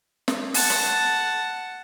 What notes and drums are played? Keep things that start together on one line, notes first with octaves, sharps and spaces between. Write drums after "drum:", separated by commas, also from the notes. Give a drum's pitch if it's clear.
drum: snare
F#5 A5, drum: open hi-hat
drum: rim click